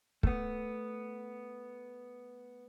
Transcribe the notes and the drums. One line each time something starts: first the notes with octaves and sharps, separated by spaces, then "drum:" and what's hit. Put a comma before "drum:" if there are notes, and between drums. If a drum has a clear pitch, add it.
A3 B3, drum: kick